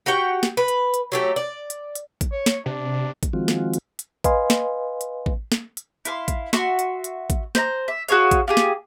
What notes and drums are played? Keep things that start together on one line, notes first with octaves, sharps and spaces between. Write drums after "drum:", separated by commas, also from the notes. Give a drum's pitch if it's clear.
F#4 G4 F#5 G5
drum: snare
B4
drum: hi-hat
drum: hi-hat
F#3 A3 G4
D5
drum: hi-hat
drum: hi-hat
drum: kick A1, hi-hat
C#5
drum: snare
C3 D4
drum: kick A1, hi-hat
D#3 F3 G#3 C4 F4 F#4
drum: snare
drum: hi-hat
drum: hi-hat
B4 D#5 F5 G#5 C6, drum: kick A1, hi-hat
drum: snare
drum: hi-hat
drum: kick A1
drum: snare
drum: hi-hat
E4 F5 C6, drum: hi-hat
drum: kick A1, hi-hat
F#4 E5 C6, drum: snare
drum: hi-hat
drum: hi-hat
drum: kick A1, hi-hat
C5 E5 A#5, drum: snare
E5
F#4 G#4 C#5 F5, drum: hi-hat
drum: kick A1, hi-hat
F4 G4 G#4
drum: snare